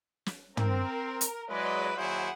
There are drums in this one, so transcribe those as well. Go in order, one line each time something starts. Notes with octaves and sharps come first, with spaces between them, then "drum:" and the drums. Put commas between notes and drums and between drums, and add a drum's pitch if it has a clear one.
drum: snare
C4 A#4, drum: tom
drum: hi-hat
F#3 G#3 E4 B4 D5 D#5
D#2 F#3 E4 G#4 C5 F#5